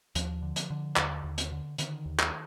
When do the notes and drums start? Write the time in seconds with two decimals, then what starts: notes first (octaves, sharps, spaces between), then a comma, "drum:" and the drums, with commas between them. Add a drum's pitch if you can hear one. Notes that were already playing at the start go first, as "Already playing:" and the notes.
0.15 D#2 F3, drum: hi-hat
0.42 D3
0.56 drum: hi-hat
0.70 D3
0.96 D#2 D3, drum: clap
1.24 D#2
1.38 drum: hi-hat
1.52 D3
1.78 D3 D#3, drum: hi-hat
2.06 D#2
2.20 drum: clap